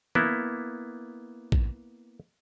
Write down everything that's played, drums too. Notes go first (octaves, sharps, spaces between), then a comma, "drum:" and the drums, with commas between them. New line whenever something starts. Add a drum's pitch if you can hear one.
A#3 B3 E4, drum: tom
drum: kick A#1